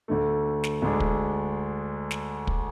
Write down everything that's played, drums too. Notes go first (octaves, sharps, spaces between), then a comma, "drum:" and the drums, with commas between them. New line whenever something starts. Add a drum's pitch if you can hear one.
D2 D3 A3
drum: snare
D2 D3 G#3 D4
drum: kick
drum: snare
drum: kick